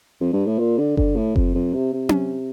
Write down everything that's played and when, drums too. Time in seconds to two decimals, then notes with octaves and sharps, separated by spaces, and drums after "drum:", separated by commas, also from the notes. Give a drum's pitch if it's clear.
0.21 F2
0.33 G2
0.46 A2
0.59 A#2
0.79 D3
0.97 D3, drum: kick F#1
1.16 A2
1.36 F2, drum: kick F#1
1.55 F2
1.74 C3
1.93 C3
2.09 drum: tom C#4